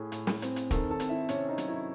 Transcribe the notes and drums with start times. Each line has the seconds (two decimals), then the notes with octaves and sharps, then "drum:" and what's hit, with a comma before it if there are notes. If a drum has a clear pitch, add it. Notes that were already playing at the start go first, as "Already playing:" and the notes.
Already playing: A2 G#4 G#5
0.12 A2, drum: hi-hat
0.27 drum: snare
0.42 C4, drum: hi-hat
0.56 drum: hi-hat
0.71 D#3 A4 A5, drum: kick, hi-hat
0.91 A4 A5
1.00 C4, drum: hi-hat
1.09 E4 E5
1.29 C3 C#4 C#5, drum: hi-hat
1.49 D#4 D#5
1.58 F#3, drum: hi-hat
1.68 E4 E5